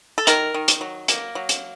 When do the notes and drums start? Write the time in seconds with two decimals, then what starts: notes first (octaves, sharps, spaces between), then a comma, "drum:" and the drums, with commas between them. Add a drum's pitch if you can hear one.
0.18 A4
0.27 D#3 A#4, drum: hi-hat
0.54 D#3
0.68 drum: hi-hat
0.81 F#3
1.08 A#3, drum: hi-hat
1.35 F#3
1.49 drum: hi-hat